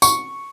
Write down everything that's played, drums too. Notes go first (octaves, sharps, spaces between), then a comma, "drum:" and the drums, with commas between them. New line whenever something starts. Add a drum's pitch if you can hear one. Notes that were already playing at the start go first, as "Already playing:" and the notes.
C#6, drum: tambourine